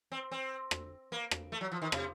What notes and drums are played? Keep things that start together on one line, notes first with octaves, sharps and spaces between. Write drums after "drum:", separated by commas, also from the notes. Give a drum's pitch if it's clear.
C4
C4
drum: rim click
A#3
drum: rim click
A3
F#3
F3
D#3
C3, drum: rim click